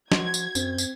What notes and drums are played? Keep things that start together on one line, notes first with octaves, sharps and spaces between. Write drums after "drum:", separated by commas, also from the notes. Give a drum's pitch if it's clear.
F3 F#4 C6 G#6, drum: snare
drum: tambourine
F#2 C4, drum: tambourine
drum: tambourine